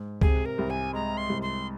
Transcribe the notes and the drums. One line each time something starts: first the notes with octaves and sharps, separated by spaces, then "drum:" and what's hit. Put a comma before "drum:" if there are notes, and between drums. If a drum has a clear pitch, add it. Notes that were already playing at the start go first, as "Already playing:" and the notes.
Already playing: G#2
C3 G#4, drum: kick C#2
A#4
C2
G#5
G#3 A#5
C6
C2
C6